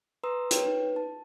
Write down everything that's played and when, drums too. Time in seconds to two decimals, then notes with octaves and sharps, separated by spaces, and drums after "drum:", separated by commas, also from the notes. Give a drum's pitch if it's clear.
0.24 B4 A#5 C6 D#6 E6
0.51 B4 C#5 G5, drum: hi-hat
0.63 D#4 B4
0.96 A5